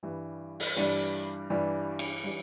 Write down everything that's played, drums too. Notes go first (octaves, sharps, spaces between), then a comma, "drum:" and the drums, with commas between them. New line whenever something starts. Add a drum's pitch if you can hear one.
G2 E3 G3 D4
drum: open hi-hat
G2 E3 G3 D4, drum: hi-hat
G2 E3 G3 D4
drum: cymbal
E3 G3 D4